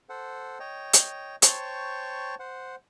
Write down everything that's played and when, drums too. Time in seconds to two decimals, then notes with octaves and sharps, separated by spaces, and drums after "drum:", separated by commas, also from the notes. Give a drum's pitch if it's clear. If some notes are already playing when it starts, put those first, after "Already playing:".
0.09 A4 C5 F#5
0.60 C#5 D#5 G5
0.93 drum: hi-hat
1.42 C5 C#5 G5 A5 C#6, drum: hi-hat
2.39 C5 F#5